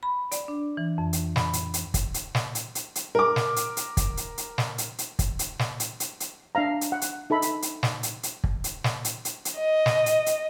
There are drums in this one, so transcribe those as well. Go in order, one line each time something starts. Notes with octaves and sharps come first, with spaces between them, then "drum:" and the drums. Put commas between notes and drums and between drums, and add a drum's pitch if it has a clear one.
B5
D5, drum: hi-hat
D4
E3
F2
drum: hi-hat
B5, drum: snare
drum: hi-hat
drum: hi-hat
drum: kick, hi-hat
drum: hi-hat
drum: snare
drum: hi-hat
drum: hi-hat
drum: hi-hat
A#4 D6
drum: snare
drum: hi-hat
drum: hi-hat
drum: kick, hi-hat
drum: hi-hat
drum: hi-hat
drum: snare
drum: hi-hat
drum: hi-hat
drum: kick, hi-hat
drum: hi-hat
drum: snare
drum: hi-hat
drum: hi-hat
drum: hi-hat
D4 E5 F5 A#5
drum: hi-hat
F#5
drum: hi-hat
D#4 A4 E5 B5
drum: hi-hat
drum: hi-hat
drum: snare
drum: hi-hat
drum: hi-hat
drum: kick
drum: hi-hat
drum: snare
drum: hi-hat
drum: hi-hat
drum: hi-hat
D#5
drum: snare
drum: hi-hat
drum: hi-hat